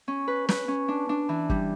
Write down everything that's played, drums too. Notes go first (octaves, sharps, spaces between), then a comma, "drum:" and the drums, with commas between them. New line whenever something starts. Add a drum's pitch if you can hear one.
C#4
B4
B4, drum: snare
C#4
D4
D4
E3
G3, drum: kick